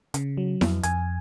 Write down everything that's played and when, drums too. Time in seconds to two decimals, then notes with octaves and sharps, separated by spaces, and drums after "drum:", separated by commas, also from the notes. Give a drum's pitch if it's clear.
0.14 C#3, drum: hi-hat
0.37 F#3
0.61 F2, drum: snare E4
0.83 F2 G#5, drum: hi-hat